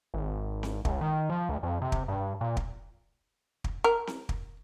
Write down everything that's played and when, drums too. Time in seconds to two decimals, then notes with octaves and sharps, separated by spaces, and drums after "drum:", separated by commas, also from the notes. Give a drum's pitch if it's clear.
0.14 G#1
0.63 drum: snare C4
0.85 C#2, drum: kick
1.01 D#3
1.30 F3
1.49 D2
1.63 F2
1.82 C3
1.92 drum: kick
2.08 G2
2.41 A#2
2.57 drum: kick
3.64 drum: kick
3.84 A#4
4.07 drum: snare C4
4.29 drum: kick